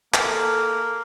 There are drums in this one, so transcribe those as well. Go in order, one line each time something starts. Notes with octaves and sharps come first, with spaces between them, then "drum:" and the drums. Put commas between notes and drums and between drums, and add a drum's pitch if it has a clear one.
A#3 A4, drum: clap